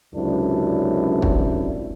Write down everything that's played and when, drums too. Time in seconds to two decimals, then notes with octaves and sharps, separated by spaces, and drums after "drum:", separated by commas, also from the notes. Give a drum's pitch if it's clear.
0.14 C#2 F#2 C3 D4 E4
1.22 drum: kick